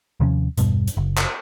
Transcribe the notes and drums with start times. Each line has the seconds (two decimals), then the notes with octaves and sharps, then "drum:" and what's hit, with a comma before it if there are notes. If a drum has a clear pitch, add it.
0.20 D#2 C3 F3 C#4
0.58 E1 G2 B2, drum: hi-hat
0.88 drum: hi-hat
0.97 F#1
1.18 drum: clap